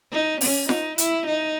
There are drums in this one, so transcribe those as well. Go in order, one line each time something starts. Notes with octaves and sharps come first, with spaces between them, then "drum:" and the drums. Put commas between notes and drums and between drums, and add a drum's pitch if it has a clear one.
D#4
C#4, drum: open hi-hat
D#4, drum: snare F4
E4, drum: hi-hat
D#4